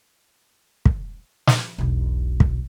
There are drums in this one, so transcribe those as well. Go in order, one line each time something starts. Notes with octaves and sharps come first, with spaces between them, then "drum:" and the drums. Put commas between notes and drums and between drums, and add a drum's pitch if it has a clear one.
drum: kick
drum: snare
E1 B1
drum: kick